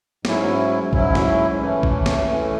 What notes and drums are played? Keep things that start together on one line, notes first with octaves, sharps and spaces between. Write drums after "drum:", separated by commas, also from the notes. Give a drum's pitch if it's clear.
G#2 F#3 C#4 E4, drum: snare
G#2 F#3 C#4 E4, drum: kick
drum: snare
E3 A3 C#4
drum: kick
drum: snare
E3 A3 C#4